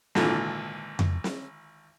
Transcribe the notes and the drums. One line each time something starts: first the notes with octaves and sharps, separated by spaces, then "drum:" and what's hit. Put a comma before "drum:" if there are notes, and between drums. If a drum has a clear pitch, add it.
G#1 A#2 D3 E3, drum: snare
drum: tom F2
drum: snare